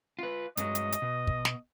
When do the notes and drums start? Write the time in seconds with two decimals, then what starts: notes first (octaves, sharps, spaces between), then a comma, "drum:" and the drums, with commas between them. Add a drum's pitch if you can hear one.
0.19 F4 B4
0.57 G2 F#3 G#3 D#5, drum: hi-hat
0.75 drum: hi-hat
0.92 drum: hi-hat
1.02 B2
1.27 drum: kick
1.45 drum: snare